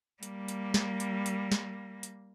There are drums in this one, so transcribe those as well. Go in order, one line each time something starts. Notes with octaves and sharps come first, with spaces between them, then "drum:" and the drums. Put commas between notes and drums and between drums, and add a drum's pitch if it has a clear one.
G3 A#3, drum: hi-hat
drum: hi-hat
drum: snare
drum: hi-hat
drum: hi-hat
drum: snare
drum: hi-hat